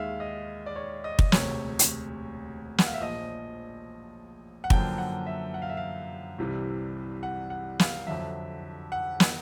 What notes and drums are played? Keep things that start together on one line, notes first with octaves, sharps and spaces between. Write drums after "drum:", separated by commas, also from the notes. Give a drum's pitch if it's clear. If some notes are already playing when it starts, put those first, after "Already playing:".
Already playing: D#2 D#3 G#3 E5 F5
D#5
D5
C#5
D#5
drum: kick
E1 D2 C3 C#5, drum: snare
drum: hi-hat
F#5, drum: snare
F5
E5
A#1 A#2 F3 D#5
F#5
F#2 D3 F3 A#3 G5, drum: kick
F#5
E5
F#5
F5
E5
F5
C2 C3 E3 G3
F#5
F#5
F5, drum: snare
F2 D3 F#3 E5
F#5
drum: snare